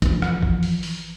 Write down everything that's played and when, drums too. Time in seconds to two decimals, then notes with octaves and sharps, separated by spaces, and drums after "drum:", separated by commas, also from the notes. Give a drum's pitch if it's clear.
0.02 E3 F3, drum: kick A1, hi-hat
0.22 drum: rim click
0.43 drum: kick A1
0.63 drum: open hi-hat
0.83 drum: open hi-hat